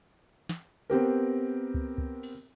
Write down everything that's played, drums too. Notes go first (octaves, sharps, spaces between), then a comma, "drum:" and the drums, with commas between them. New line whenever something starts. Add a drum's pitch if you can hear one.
drum: snare
B3 C4 G4 A#4
drum: kick C#2
drum: kick C#2
drum: open hi-hat